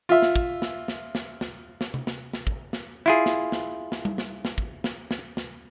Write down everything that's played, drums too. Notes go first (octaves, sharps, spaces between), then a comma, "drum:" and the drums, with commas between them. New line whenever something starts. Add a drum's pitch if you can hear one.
F4 E5
drum: snare
drum: kick
drum: snare
drum: snare
drum: snare
drum: snare
drum: snare
drum: tom C3
drum: snare
drum: snare
drum: kick
drum: snare
E4 F4 G#4
drum: snare
drum: snare
drum: snare
drum: tom G3
drum: snare
drum: snare
drum: kick
drum: snare
drum: snare
drum: snare